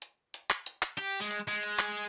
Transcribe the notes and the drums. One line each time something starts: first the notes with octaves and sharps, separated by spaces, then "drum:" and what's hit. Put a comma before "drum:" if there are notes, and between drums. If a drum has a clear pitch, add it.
drum: hi-hat
drum: hi-hat
drum: clap
drum: hi-hat
drum: clap
G4
G#3
drum: hi-hat
G#3
drum: hi-hat
drum: clap